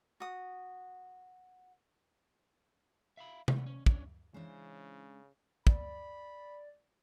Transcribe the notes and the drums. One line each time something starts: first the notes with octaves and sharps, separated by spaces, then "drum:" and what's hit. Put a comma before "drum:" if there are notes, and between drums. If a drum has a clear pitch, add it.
F#4 D#6
E5 F5 B5
E3 G#3 A3 B3, drum: tom C3
C#4
C#4 D4 C#5 D5, drum: kick
C#3 E3 G#3 C#4 D4 C5
D5 B5, drum: kick